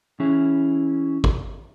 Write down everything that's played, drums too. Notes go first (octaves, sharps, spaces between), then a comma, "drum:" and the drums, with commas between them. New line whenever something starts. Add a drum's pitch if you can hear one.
E3 C#4 E4 G#4
drum: kick